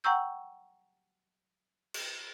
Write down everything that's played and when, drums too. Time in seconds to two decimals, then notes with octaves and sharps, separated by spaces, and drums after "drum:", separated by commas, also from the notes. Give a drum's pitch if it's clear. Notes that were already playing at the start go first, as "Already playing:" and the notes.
0.04 F#5 G5 A#5 C#6 E6 G6
1.94 drum: cymbal